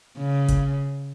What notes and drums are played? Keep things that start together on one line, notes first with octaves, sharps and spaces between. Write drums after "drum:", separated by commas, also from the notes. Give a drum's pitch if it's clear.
C#3
drum: kick F#1, hi-hat